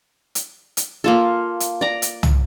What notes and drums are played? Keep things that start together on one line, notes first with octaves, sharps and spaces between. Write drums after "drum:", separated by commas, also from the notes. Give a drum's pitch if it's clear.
drum: hi-hat
drum: hi-hat
A#3 F4 A4
drum: hi-hat
D5 A#5
drum: hi-hat
drum: tom C2